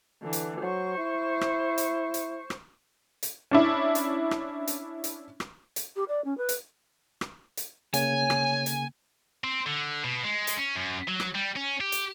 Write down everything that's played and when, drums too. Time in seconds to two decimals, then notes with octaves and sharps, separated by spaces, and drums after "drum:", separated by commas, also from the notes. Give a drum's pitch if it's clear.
0.22 D3 E3
0.33 drum: hi-hat
0.62 F#3 C5 C#6
0.98 E4
1.41 drum: rim click
1.78 drum: hi-hat
2.14 drum: hi-hat
2.50 drum: rim click
3.23 drum: hi-hat
3.51 C#4 D4 E4
3.95 drum: hi-hat
4.31 drum: rim click
4.67 drum: hi-hat
5.04 drum: hi-hat
5.40 drum: rim click
5.76 drum: hi-hat
5.96 G4
6.08 D5
6.24 C#4
6.37 B4
6.49 drum: hi-hat
7.21 drum: rim click
7.57 drum: hi-hat
7.94 C#3 A#3 C#5 G#5, drum: hi-hat
8.30 drum: rim click
8.66 drum: hi-hat
9.44 C4
9.67 D3
10.04 B2
10.24 G#3
10.47 drum: hi-hat
10.57 C#4
10.76 F#2
11.08 F#3
11.20 drum: rim click
11.35 G3
11.56 C#4
11.81 G4
11.92 drum: hi-hat